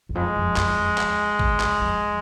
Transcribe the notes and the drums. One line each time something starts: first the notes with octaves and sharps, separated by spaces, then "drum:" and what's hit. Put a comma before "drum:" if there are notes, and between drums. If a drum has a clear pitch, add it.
E2
F2 G#3
F2
F2, drum: clap
F2
drum: clap
drum: kick A1
drum: clap
F2